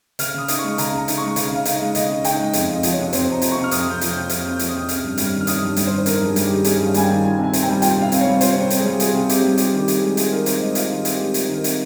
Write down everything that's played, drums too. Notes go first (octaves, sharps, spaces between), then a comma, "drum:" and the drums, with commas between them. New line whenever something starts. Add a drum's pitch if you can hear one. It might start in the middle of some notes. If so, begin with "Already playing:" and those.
C#3 F6, drum: hi-hat
C#3 D#6
D#4, drum: hi-hat
C#6
G#3
C#3 A#5, drum: hi-hat
C#3
A#5
D#4, drum: hi-hat
G#3 C#6
C#3 F5, drum: hi-hat
C#3 F5
D#4, drum: hi-hat
D#5
G#3
C#3 D#5, drum: hi-hat
C#3
D#4 G5, drum: hi-hat
G#3
F2 F5, drum: hi-hat
F2 D#5
F3, drum: hi-hat
C#5
C3
F2 C5, drum: hi-hat
F2 A#5
F3, drum: hi-hat
C3 C#6
F6
F2 D#6, drum: hi-hat
F2 G6
F3, drum: hi-hat
G6
C3
F2 F6, drum: hi-hat
F2 G6
F3, drum: hi-hat
D#6
C3
C#4 F6, drum: hi-hat
G2
G3 F6, drum: hi-hat
D#3
F6
C#4 D#6, drum: hi-hat
G2
G3, drum: hi-hat
C5
D#3
C5
C#4 A#4, drum: hi-hat
G2 G#4
G3, drum: hi-hat
D#3 G4
C#4 G#4, drum: hi-hat
G2
F5
G3 G#5, drum: hi-hat
D#3 G5
F4 G#5
C3 G#5
C4, drum: hi-hat
G5
G3
F4 G5, drum: hi-hat
C3 F5
C4, drum: hi-hat
C#5
G3
F4 C5, drum: hi-hat
C3 C#5
C4, drum: hi-hat
G3 G#4
F4 G#4, drum: hi-hat
C3
C4 G4, drum: hi-hat
G3
F4 G4, drum: hi-hat
D#3
G4
C4, drum: hi-hat
G#4
G#3
F4 G#4, drum: hi-hat
D#3 A#4
C4 C5, drum: hi-hat
G#3 D#5
F4 F5, drum: hi-hat
D#3 D#5
C4, drum: hi-hat
G#3 G4
F4, drum: hi-hat
D#3
A#4
C4, drum: hi-hat